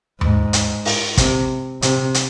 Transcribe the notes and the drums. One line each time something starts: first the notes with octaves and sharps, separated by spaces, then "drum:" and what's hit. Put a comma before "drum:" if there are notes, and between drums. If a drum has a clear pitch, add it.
G#2, drum: tom D#2
drum: hi-hat
drum: open hi-hat
C3, drum: kick, hi-hat
C3, drum: hi-hat
drum: hi-hat